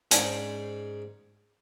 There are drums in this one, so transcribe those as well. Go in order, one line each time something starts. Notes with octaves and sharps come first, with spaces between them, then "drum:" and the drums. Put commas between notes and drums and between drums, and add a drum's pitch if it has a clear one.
G#2 C#4 C5 D5, drum: hi-hat